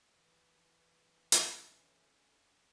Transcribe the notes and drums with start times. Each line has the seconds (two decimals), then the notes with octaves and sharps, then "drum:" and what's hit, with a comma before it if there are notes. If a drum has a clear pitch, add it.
0.15 E3
1.32 C#4 D4 A4 C#5 E5, drum: hi-hat